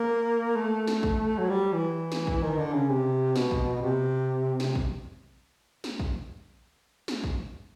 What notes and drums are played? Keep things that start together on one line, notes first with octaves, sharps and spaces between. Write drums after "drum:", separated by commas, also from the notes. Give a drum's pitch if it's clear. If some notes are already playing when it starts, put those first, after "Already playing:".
Already playing: A#3
A3
drum: snare
drum: kick
F#3
G3
E3
drum: snare
drum: kick
D#3
D3
C#3
C3
B2, drum: snare
drum: kick
C3
drum: snare
drum: kick
drum: snare
drum: kick
drum: snare
drum: kick